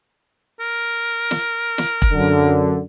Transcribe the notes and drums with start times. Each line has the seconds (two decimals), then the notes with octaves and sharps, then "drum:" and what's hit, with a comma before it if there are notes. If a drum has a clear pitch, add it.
0.60 A#4
1.31 drum: snare
1.78 drum: snare
2.02 drum: kick E1
2.13 F#2 D3